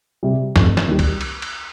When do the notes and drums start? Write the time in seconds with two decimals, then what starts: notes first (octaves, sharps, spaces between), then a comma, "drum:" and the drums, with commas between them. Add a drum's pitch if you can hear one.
0.23 C3 G3
0.56 F1, drum: snare
0.77 drum: snare
0.87 D#2 D#3 G3
0.99 drum: kick C2, cymbal
1.21 drum: cymbal
1.42 drum: cymbal